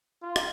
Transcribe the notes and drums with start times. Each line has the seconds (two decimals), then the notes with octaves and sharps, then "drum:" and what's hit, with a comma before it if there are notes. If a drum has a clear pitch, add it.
0.22 F4
0.36 drum: rim click